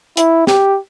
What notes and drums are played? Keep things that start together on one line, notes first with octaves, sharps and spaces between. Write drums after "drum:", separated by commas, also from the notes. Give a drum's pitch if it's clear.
E4, drum: hi-hat
G4, drum: snare